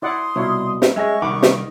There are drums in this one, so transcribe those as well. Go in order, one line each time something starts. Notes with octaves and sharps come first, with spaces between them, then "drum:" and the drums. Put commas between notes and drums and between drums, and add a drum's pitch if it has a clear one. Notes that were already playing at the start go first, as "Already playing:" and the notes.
E4 D5 F#5 C6 D#6
C2 B2 E4 F4 C#5
drum: snare
G#3 C#4 E5 G#5 C#6 A#6
C2 D#3 F#5 B5 D6
drum: snare